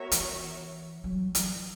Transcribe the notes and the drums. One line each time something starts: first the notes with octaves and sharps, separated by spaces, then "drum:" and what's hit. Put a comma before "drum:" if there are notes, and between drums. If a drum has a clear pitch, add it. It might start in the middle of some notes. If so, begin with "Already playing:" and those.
Already playing: B3 F#4 A#4 C#5 E5
E3, drum: hi-hat
F#3
E3, drum: hi-hat